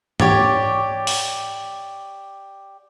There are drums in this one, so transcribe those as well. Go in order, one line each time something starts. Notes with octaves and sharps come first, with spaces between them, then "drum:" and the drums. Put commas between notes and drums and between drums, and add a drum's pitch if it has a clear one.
G4 C#5 D5, drum: tom
drum: open hi-hat